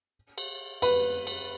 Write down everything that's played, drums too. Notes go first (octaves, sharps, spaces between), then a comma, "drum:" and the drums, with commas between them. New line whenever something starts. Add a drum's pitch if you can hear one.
drum: cymbal
B4, drum: cymbal
drum: cymbal